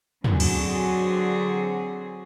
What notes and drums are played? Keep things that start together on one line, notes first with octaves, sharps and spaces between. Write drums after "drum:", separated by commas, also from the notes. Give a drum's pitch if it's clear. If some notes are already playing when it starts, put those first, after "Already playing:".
D3 F#3 C4 F#4 G#4, drum: tom
drum: cymbal